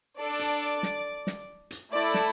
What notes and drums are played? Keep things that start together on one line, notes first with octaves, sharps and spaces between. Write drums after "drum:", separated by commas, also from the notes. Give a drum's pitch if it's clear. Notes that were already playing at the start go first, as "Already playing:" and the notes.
D4 A4 D5
drum: hi-hat
drum: snare
drum: snare
drum: hi-hat
A3 E4 A4 D5
drum: snare